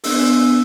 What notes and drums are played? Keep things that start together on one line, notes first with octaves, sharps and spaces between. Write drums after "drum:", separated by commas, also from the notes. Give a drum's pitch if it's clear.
B3 D4 G#4 E6, drum: open hi-hat